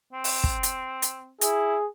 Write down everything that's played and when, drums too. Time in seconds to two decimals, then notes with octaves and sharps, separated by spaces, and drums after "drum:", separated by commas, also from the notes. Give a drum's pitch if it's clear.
0.13 C4
0.24 drum: open hi-hat
0.44 drum: kick
0.63 drum: hi-hat
1.02 drum: hi-hat
1.41 E4 G#4, drum: hi-hat